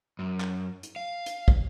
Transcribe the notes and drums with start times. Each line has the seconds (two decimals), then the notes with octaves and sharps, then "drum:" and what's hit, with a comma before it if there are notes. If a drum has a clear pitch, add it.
0.19 F#2
0.40 drum: clap
0.83 drum: hi-hat
0.96 F5
1.26 drum: hi-hat
1.48 drum: kick